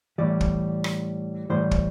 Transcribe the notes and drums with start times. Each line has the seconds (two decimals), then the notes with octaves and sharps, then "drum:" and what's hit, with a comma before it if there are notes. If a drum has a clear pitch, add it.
0.18 A2 E3 G3 D5
0.41 drum: kick
0.84 drum: rim click
1.50 A2 E3 G3 C5
1.71 drum: kick